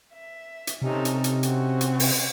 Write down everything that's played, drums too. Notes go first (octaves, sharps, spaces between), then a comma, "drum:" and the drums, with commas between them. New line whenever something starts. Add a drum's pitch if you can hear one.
E5
drum: hi-hat
C3 C#4 D#4 A4
drum: hi-hat
drum: hi-hat
C4 C#4 F#4, drum: hi-hat
drum: hi-hat
drum: open hi-hat